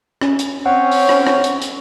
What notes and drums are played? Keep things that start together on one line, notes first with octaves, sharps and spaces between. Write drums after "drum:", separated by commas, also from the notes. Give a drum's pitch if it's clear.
C#4, drum: rim click
drum: hi-hat
C4 C#4 F#5
drum: open hi-hat
drum: rim click
drum: rim click
drum: hi-hat
drum: hi-hat